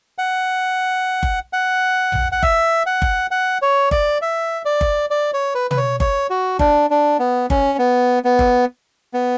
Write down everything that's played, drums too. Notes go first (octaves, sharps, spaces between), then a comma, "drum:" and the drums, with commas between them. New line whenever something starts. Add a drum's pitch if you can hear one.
F#5
drum: kick G1
F#5
drum: tom
F#5
E5, drum: kick G1
F#5
drum: kick G1
F#5
C#5
D5, drum: kick G1
E5
D5
drum: kick G1
D5
C#5
B4
B4, drum: tom
C#5
C#5, drum: kick G1
F#4
D4, drum: kick G1
D4
B3
C#4, drum: kick G1
B3
B3
drum: kick G1
B3